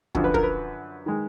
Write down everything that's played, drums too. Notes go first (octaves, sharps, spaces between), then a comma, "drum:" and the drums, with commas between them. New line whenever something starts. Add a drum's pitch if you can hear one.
F#2 D3 F3, drum: kick
B4
A#4, drum: kick
B4
D#3 G#3